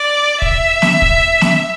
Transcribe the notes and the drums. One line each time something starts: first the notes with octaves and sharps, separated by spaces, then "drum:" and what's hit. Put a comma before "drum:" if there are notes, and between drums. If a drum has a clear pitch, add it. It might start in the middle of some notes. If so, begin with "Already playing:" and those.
Already playing: D5
E5, drum: kick
drum: snare
drum: kick
drum: snare